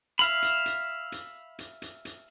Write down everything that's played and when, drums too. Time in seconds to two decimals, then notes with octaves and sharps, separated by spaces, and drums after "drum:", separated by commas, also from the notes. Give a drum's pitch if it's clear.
0.19 E5 F5 B5, drum: hi-hat
0.42 drum: hi-hat
0.66 drum: hi-hat
1.12 drum: hi-hat
1.59 drum: hi-hat
1.82 drum: hi-hat
2.05 drum: hi-hat